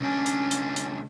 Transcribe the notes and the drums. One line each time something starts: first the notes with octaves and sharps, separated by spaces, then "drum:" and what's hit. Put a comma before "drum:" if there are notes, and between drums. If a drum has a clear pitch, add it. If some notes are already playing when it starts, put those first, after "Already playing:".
C#2 C#4 D4
drum: hi-hat
drum: hi-hat
drum: hi-hat